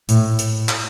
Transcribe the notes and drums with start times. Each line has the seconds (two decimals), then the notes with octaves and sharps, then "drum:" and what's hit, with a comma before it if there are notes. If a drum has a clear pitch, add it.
0.09 A2, drum: hi-hat
0.39 drum: hi-hat
0.69 drum: clap